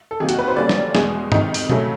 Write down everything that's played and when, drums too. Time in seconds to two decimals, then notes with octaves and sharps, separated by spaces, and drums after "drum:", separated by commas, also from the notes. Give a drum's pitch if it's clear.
0.11 A4
0.20 C3 D#3 F#3 A#3 G#4
0.29 F#4, drum: hi-hat
0.39 B4
0.48 C5
0.56 D3 G3 A#3 C#4 D5
0.69 drum: snare
0.95 E2 B2 G#3 G#4, drum: snare
1.32 F2 C3 D#3 D#4, drum: tom G2
1.54 drum: open hi-hat
1.70 C#3 F#3 A3 C#4, drum: tom B2